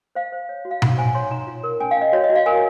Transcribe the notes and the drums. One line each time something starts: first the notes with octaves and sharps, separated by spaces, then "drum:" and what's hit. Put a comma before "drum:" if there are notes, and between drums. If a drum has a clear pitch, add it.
C5 F5
C5
C#5
F#4
F5
D#4 F#5, drum: tom B2
C5 G#5
C#5 C6
D#4 A#5
F4
A#4
C#4 G#5
F5
C#4 D#5
F#4 C#5
D#5
F#4
F5
A#4 G#5